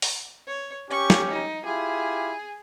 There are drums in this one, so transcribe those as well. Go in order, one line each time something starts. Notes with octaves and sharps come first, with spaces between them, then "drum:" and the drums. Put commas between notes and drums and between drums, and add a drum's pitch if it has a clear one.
drum: open hi-hat
C#5
C#4 G4 C#6
drum: snare
D#4
E4 F4 G4 G#4